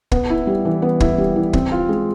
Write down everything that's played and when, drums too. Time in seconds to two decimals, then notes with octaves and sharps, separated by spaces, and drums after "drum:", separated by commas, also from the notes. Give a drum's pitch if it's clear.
0.12 B3, drum: kick
0.30 E4
0.47 G3
0.65 E3
0.82 B3
1.00 E4, drum: kick
1.18 G3
1.36 E3
1.53 C4, drum: kick
1.72 F4
1.89 G#3